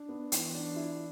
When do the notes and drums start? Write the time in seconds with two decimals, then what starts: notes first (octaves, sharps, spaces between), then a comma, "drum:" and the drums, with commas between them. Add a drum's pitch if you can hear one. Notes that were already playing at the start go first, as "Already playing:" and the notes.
Already playing: D4
0.09 B3
0.32 E3, drum: hi-hat
0.54 D4
0.76 E4